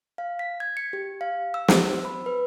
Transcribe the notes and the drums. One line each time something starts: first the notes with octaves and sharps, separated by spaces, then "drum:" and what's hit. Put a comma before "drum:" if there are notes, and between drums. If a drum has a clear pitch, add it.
F5
B6
G#6
C#7
G4
F5
E6
C5, drum: snare
E6
B5
B4